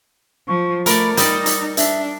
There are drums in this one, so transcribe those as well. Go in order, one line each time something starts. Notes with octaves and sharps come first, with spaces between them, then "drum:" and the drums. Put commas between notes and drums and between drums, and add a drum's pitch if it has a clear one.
F3 C#6
A3 A#4 D5 B5, drum: hi-hat
G3 D#4 D5 D#6, drum: hi-hat
drum: hi-hat
D4 E5, drum: hi-hat